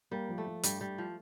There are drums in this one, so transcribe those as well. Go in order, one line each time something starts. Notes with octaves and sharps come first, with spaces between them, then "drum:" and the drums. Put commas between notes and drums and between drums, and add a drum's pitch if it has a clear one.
G3 A#3
F3
A3
F3
G2 G3, drum: hi-hat
G2 G3
F3